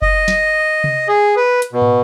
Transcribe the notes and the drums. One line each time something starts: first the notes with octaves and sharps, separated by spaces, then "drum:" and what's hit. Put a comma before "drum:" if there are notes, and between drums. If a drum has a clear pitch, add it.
D#5, drum: kick F#1
drum: snare
drum: tom C3
G#4
B4
drum: hi-hat
B2
drum: tom